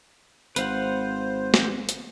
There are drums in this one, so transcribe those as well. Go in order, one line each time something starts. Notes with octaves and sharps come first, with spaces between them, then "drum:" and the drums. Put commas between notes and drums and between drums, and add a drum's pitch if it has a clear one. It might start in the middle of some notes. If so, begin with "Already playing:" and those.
G#1 B4 C5 F5 F#5, drum: hi-hat
drum: snare
drum: hi-hat